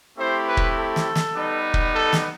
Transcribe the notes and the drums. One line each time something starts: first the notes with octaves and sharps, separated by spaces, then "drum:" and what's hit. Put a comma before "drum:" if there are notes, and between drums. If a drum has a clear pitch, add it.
A3 C4 E4 G4 C5
B4
drum: kick
A4
drum: snare
drum: snare
G3 B3 D#4
drum: kick
A4
drum: snare